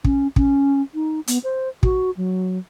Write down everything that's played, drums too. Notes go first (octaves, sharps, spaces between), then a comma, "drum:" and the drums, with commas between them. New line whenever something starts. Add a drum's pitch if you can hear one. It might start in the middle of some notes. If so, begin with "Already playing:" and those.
C#4, drum: kick
C#4, drum: kick
D#4
B3, drum: hi-hat
C5
F#4, drum: kick
F#3